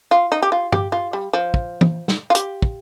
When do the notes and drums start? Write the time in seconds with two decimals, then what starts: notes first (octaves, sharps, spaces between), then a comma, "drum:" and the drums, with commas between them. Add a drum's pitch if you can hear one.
0.11 F4
0.32 D#4
0.42 G4
0.52 F4
0.72 G4, drum: tom G2
0.92 F4
1.13 G3
1.33 F3
1.54 drum: kick
1.81 drum: tom
2.08 drum: snare
2.30 F4
2.35 G4, drum: hi-hat
2.62 drum: kick